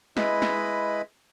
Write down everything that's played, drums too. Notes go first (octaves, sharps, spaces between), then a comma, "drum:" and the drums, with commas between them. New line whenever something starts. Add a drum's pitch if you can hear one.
G#3 E4 B4 D#5 B5, drum: snare
drum: snare